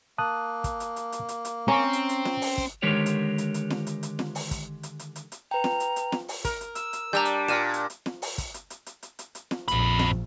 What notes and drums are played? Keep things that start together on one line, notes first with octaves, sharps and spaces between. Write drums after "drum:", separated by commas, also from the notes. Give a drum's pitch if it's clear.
A#3 A5 D#6 F#6
drum: kick, hi-hat
drum: hi-hat
drum: hi-hat
drum: hi-hat
drum: hi-hat
drum: hi-hat
C4 C#4 A#5 C#6
drum: hi-hat
drum: hi-hat
drum: snare
drum: open hi-hat
drum: kick
D3 D#3 G#3 G4 A#4 C#5
drum: hi-hat
drum: hi-hat
drum: hi-hat
drum: snare
drum: hi-hat
drum: hi-hat
drum: snare
drum: open hi-hat
drum: kick, hi-hat
drum: hi-hat
drum: hi-hat
drum: hi-hat
drum: hi-hat
B4 G5 A#5
drum: snare
drum: hi-hat
drum: hi-hat
drum: snare
drum: open hi-hat
A#4, drum: kick, hi-hat
drum: hi-hat
E6, drum: hi-hat
drum: hi-hat
G3 D4 A#5 E6 G6
drum: hi-hat
A#2 F6 D#7 E7
drum: hi-hat
drum: hi-hat
drum: snare
drum: open hi-hat
drum: kick, hi-hat
drum: hi-hat
drum: hi-hat
drum: hi-hat
drum: hi-hat
drum: hi-hat
drum: hi-hat
drum: snare
A#1 F2 B5, drum: hi-hat
drum: snare